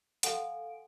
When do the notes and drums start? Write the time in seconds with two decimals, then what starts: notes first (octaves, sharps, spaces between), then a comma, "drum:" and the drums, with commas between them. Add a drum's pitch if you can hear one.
0.23 A4 F5 F#5 G#5 C6 D7, drum: hi-hat